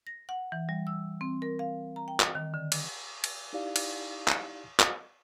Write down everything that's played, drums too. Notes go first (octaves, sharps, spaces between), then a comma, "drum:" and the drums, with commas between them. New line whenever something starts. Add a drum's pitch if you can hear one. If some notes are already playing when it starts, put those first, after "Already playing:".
A#6
F#5
E3
G3
E6
C4
A#4
F5
A#5
G5
drum: clap
D#3
D3
drum: cymbal
drum: cymbal
D#4 E4 G4 D5 F5
drum: cymbal
drum: clap
drum: clap